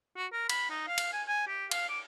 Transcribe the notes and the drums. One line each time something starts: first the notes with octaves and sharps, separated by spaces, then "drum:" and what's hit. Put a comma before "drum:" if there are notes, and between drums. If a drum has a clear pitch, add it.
F#4
A#4
B5, drum: cymbal
D#4
F5
drum: cymbal
G#5
G#5
G4
F5, drum: cymbal
D6